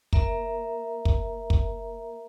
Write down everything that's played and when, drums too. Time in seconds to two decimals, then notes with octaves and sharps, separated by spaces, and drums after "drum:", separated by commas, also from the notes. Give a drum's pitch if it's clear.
0.13 A#3 A#4 E5 A#5, drum: kick
1.05 drum: kick
1.50 drum: kick